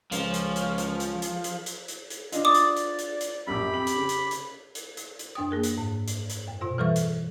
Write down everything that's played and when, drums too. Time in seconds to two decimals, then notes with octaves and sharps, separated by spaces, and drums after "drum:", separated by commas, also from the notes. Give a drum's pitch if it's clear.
0.12 C#2 F3 C#4, drum: hi-hat
0.34 drum: hi-hat
0.56 drum: hi-hat
0.78 drum: hi-hat
1.00 drum: hi-hat
1.22 drum: hi-hat
1.44 drum: hi-hat
1.66 drum: hi-hat
1.88 drum: hi-hat
2.10 drum: hi-hat
2.32 D4 F4 D#5, drum: hi-hat
2.45 D5 D6 D#6
2.54 drum: hi-hat
2.76 drum: hi-hat
2.98 drum: hi-hat
3.20 drum: hi-hat
3.47 A#1 F#2 G4 B5
3.72 F2 F#7
3.87 drum: hi-hat
3.96 C#3
4.09 drum: hi-hat
4.31 drum: hi-hat
4.75 drum: hi-hat
4.97 drum: hi-hat
5.19 drum: hi-hat
5.35 F#2 D4 G5 D#6
5.51 A#3 G#4 A#4
5.63 drum: hi-hat
5.78 G#2
6.07 drum: hi-hat
6.29 drum: hi-hat
6.47 F#2
6.61 B2 F4 C5
6.78 E3 G3 A4 B4 E5 C#6
6.96 drum: hi-hat